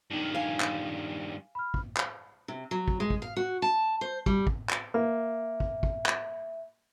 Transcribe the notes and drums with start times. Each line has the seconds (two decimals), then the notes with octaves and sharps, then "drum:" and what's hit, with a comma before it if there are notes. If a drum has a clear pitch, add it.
0.11 G2 D#3 D#4 F#7
0.35 F5 G#5
0.60 drum: clap
1.55 B5 F6
1.74 drum: kick
1.97 drum: clap
2.48 C3
2.71 F#3
2.88 drum: kick
3.00 G#3
3.10 drum: kick
3.22 F5
3.37 F#4
3.62 A5
4.01 C5
4.26 G3, drum: kick
4.47 drum: kick
4.69 drum: clap
4.94 A#3 E5
5.60 drum: kick
5.83 drum: kick
6.06 drum: clap